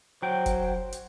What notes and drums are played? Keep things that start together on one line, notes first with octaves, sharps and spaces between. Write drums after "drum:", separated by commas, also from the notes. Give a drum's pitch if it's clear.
F#3 C5 G5
drum: kick, hi-hat
drum: hi-hat